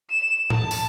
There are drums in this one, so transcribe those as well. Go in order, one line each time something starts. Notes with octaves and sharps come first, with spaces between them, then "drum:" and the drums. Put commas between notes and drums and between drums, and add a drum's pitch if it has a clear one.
E7
A5, drum: tom A2
drum: open hi-hat